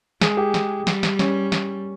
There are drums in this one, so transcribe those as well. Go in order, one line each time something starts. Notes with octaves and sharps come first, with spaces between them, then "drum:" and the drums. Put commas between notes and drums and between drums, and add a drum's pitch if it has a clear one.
G#3 G#4, drum: snare
G4
drum: snare
G3, drum: snare
drum: snare
C#4, drum: snare
drum: snare